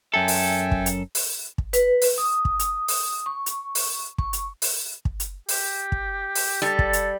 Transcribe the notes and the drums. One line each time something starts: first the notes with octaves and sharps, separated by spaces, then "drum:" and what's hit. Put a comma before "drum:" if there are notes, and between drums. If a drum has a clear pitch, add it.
F#2 A4 E5 G5 G#5
drum: open hi-hat
drum: kick
drum: hi-hat
drum: open hi-hat
drum: kick
B4, drum: hi-hat
drum: open hi-hat
D#6
drum: kick
drum: hi-hat
drum: open hi-hat
C#6
drum: hi-hat
drum: open hi-hat
C#6, drum: kick
drum: hi-hat
drum: open hi-hat
drum: kick
drum: hi-hat
G4, drum: open hi-hat
drum: kick
drum: open hi-hat
G3 A4
drum: kick
drum: hi-hat